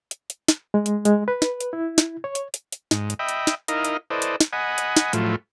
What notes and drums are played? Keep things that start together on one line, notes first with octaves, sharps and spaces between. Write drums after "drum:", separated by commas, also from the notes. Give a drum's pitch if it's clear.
drum: hi-hat
drum: hi-hat
drum: snare
G#3
drum: hi-hat
G#3, drum: hi-hat
B4
drum: snare
drum: hi-hat
E4
drum: snare
C#5
drum: hi-hat
drum: hi-hat
drum: hi-hat
G#2, drum: snare
drum: hi-hat
D#5 E5 G5 B5
drum: hi-hat
drum: snare
D#4 E4 A#4 D#5 F5, drum: hi-hat
drum: hi-hat
E4 A4 B4 C5 D5 D#5
drum: hi-hat
drum: snare
D#5 F#5 G#5 B5
drum: hi-hat
drum: snare
A2 F3 F#3 A3 E4 F4, drum: hi-hat